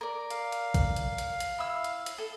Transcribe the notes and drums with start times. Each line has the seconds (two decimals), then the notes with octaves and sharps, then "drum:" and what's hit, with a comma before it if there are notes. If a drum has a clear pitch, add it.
0.01 A#4 D5
0.30 F5, drum: hi-hat
0.52 drum: hi-hat
0.74 drum: kick A#1, hi-hat
0.96 drum: hi-hat
1.18 drum: hi-hat
1.40 drum: hi-hat
1.58 E4 E6
1.84 drum: hi-hat
2.06 drum: hi-hat
2.18 A4